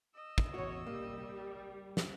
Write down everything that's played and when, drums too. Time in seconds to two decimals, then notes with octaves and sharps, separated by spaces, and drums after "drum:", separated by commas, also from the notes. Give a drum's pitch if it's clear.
0.15 D#5 E6
0.38 drum: kick
0.54 E2 F#4 C#5
0.87 G3 A#3
1.97 drum: snare